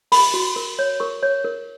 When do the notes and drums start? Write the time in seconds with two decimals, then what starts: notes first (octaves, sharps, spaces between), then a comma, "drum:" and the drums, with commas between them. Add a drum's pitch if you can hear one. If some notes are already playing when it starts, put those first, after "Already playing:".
0.12 A#4 B5, drum: open hi-hat
0.34 F#4
0.56 A#4
0.79 C#5
1.00 A#4 C#6
1.23 C#5
1.44 A#4